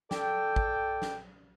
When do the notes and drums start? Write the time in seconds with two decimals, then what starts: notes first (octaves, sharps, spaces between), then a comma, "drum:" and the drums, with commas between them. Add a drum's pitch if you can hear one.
0.11 A4 D5 G5, drum: snare
0.56 drum: kick
1.02 drum: snare